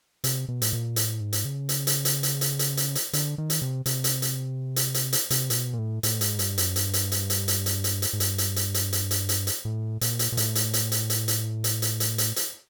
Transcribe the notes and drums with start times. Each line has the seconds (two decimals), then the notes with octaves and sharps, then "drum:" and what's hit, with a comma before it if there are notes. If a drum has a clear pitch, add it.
0.24 C3, drum: hi-hat
0.48 B2
0.62 A2, drum: hi-hat
0.73 A#2
0.96 A2, drum: hi-hat
1.20 G#2
1.33 drum: hi-hat
1.45 C#3
1.69 drum: hi-hat
1.87 drum: hi-hat
2.05 drum: hi-hat
2.23 drum: hi-hat
2.41 drum: hi-hat
2.59 drum: hi-hat
2.77 drum: hi-hat
2.95 drum: hi-hat
3.13 D3, drum: hi-hat
3.38 D#3
3.50 drum: hi-hat
3.62 C3
3.86 C3, drum: hi-hat
4.04 drum: hi-hat
4.22 drum: hi-hat
4.76 drum: hi-hat
4.94 drum: hi-hat
5.13 drum: hi-hat
5.30 C3, drum: hi-hat
5.50 A#2, drum: hi-hat
5.55 B2
5.73 A#2
5.79 A2
6.03 A2, drum: hi-hat
6.21 G#2, drum: hi-hat
6.39 G2, drum: hi-hat
6.58 F#2, drum: hi-hat
6.76 G2, drum: hi-hat
6.93 drum: hi-hat
7.12 drum: hi-hat
7.30 drum: hi-hat
7.48 drum: hi-hat
7.66 drum: hi-hat
7.84 drum: hi-hat
8.02 drum: hi-hat
8.13 G#2
8.20 G2, drum: hi-hat
8.38 drum: hi-hat
8.56 drum: hi-hat
8.74 drum: hi-hat
8.93 drum: hi-hat
9.11 drum: hi-hat
9.29 drum: hi-hat
9.47 drum: hi-hat
9.65 A2
10.01 A#2, drum: hi-hat
10.19 drum: hi-hat
10.32 A#2
10.37 A2, drum: hi-hat
10.55 drum: hi-hat
10.73 drum: hi-hat
10.92 drum: hi-hat
11.10 drum: hi-hat
11.28 drum: hi-hat
11.64 drum: hi-hat
11.82 drum: hi-hat
12.00 drum: hi-hat
12.18 drum: hi-hat
12.36 drum: hi-hat